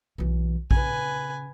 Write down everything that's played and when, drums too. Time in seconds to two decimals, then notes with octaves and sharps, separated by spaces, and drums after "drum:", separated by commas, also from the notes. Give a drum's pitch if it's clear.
0.18 B1 E3
0.71 C#3 B4 G#5, drum: kick A#1